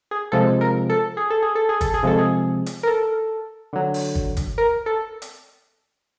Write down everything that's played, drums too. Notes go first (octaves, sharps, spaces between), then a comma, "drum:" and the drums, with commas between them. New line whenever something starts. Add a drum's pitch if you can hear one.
G#4
C3 F3 G#3 A4
A#4
A4
G#4
A4
G#4
A4
G#4
A4, drum: kick, hi-hat
G#4
C3 F3 G#3 A4
G#4
drum: hi-hat
A#4
A4
D3 F#3
drum: open hi-hat
drum: kick
drum: kick, hi-hat
A#4
A4
drum: hi-hat